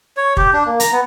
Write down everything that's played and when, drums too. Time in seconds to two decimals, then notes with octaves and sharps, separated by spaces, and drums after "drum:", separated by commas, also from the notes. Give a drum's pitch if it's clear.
0.17 C#5
0.37 G4, drum: kick
0.53 D4
0.66 A#3
0.80 A#5, drum: hi-hat
0.92 B3